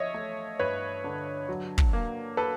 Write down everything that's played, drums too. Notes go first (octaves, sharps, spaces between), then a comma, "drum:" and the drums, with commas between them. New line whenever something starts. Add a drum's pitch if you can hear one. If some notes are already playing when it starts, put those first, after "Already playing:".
Already playing: F3 C#5 D#5 E5
A3
G2 B4 C#5
D3
F#3
drum: kick
A#3
A4 B4